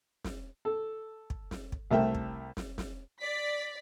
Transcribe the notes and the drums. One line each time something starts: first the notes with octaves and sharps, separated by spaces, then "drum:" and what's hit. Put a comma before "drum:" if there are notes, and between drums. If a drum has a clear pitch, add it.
drum: snare
A4
drum: kick
drum: snare
drum: kick
C2 A3 A#4 E5 G5
drum: kick
drum: snare
drum: snare
D5 B6